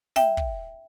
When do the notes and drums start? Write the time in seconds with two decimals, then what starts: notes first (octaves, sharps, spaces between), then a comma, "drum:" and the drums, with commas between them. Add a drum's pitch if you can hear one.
0.16 E5 G5, drum: snare
0.37 drum: kick